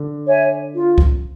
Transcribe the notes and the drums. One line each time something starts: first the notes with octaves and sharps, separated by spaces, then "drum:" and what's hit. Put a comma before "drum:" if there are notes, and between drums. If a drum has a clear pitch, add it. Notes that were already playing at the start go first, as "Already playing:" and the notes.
Already playing: D3
C#5 E5 G#5
F4
drum: kick C2